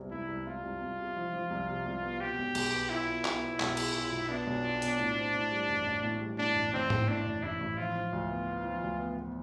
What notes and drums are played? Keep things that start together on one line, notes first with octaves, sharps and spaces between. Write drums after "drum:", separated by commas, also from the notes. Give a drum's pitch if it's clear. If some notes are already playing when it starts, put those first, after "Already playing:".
Already playing: C2 C3 B3
C2 E4
C2
C2 F4
C2
C2
C3
F3
F3
C2
C3
C2
B3
B2 G4
B1
B1, drum: cymbal
B3
E4 F4
B3
B2, drum: clap
B3
B1, drum: clap
F4, drum: cymbal
F4
B1
B3 D4
B1
F4
B2, drum: hi-hat
A2
C4
A2
G3
A1
A1
A2
G3
A2 D4
A1
A1 C4
A2, drum: tom G#2
A2 D4
A1
A1 E4
A1
F3 F4
F3
D2
B3
B3
F3
D2
B3
B3